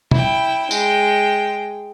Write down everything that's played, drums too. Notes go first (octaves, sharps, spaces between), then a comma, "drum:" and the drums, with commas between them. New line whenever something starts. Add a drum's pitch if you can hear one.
E4 G5, drum: tom B2
G#3 G5, drum: tambourine